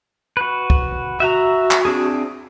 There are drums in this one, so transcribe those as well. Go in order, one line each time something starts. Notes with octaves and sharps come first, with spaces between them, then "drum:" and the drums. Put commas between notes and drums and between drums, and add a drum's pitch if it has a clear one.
F#4 B4
drum: kick
F#4 E5 F#5 A#5
drum: clap
C4 D4 G#4